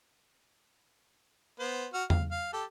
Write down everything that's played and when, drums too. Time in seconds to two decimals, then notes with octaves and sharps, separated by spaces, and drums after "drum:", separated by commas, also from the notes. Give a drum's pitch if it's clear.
1.60 B3 C5
1.93 F#4 F6
2.10 F5, drum: tom E2
2.31 F5
2.53 G4 A4 A5